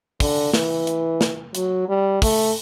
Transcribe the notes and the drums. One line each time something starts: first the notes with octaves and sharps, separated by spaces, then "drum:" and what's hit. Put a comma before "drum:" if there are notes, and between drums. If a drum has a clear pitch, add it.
D3, drum: kick, open hi-hat
E3, drum: snare
drum: hi-hat
drum: snare
F#3, drum: hi-hat
G3
A3, drum: kick, open hi-hat